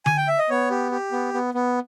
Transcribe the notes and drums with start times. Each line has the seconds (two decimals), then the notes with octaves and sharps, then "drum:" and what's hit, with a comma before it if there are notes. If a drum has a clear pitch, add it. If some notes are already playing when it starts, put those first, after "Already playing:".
0.06 G#5, drum: tom D3
0.17 G5
0.28 E5
0.39 D#5
0.50 B3 C#5
0.71 G4
0.92 G4
1.12 B3
1.34 B3
1.54 B3